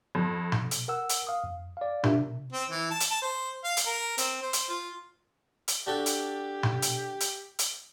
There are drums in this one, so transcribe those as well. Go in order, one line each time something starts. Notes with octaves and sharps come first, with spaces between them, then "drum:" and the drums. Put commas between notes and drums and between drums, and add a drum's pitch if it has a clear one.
F2
drum: tom B2
drum: hi-hat
A#4 F#5 E6
drum: hi-hat
F5 D#6
F2
D5 F5
D4 F4 G4 A#4 E5, drum: tom B2
C3
C4
E3
A5
drum: hi-hat
A5
C5
F5
drum: hi-hat
A#4
C4, drum: hi-hat
C5
drum: hi-hat
F4
drum: hi-hat
D4 F#4 G4 A4
drum: hi-hat
drum: tom B2
drum: hi-hat
drum: hi-hat
drum: hi-hat